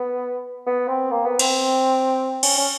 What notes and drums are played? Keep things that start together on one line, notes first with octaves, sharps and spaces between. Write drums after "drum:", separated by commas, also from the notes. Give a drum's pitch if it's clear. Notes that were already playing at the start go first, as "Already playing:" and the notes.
Already playing: B3
B3
C4
A#3
B3
C4, drum: cymbal
C#4, drum: cymbal
C#4